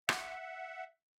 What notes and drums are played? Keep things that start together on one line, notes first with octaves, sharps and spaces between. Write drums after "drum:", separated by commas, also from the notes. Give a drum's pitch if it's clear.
E5 F#5, drum: rim click